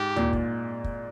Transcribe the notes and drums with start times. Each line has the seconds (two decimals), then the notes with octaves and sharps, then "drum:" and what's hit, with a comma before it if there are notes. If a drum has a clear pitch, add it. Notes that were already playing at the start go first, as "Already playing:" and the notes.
Already playing: G#2 G4
0.16 A#2, drum: tom D2
0.33 drum: kick
0.84 drum: kick